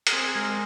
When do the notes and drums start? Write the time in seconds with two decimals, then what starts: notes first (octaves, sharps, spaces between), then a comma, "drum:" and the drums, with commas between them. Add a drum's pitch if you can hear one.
0.07 A#4, drum: hi-hat
0.13 C4 G#4
0.31 G#4
0.35 G#3 A#4